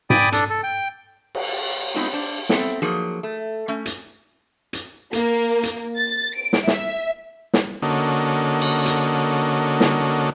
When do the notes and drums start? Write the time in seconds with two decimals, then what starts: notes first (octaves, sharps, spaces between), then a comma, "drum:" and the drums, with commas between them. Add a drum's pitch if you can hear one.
0.10 D5 G5 G#5 B5 D6 D#6, drum: tom G#2
0.32 D4 A4, drum: hi-hat
0.50 A4
0.64 G5
1.35 drum: cymbal
1.94 G#3 B3 C4 D#4 F4 F#4
2.13 D4 C5
2.49 B3 C4 A4 E5 G5, drum: snare
2.82 F3 F#3 A#3 D#4 G#4
3.23 A3
3.68 A3 C#4
3.86 drum: hi-hat
4.73 drum: hi-hat
5.13 A#3, drum: hi-hat
5.63 drum: hi-hat
5.97 A6
6.35 D7
6.53 drum: snare
6.67 E5, drum: snare
7.54 drum: snare
7.82 D3 A#3 C#4 F#4 A4 D#5
8.62 drum: cymbal
8.86 drum: hi-hat
9.80 drum: snare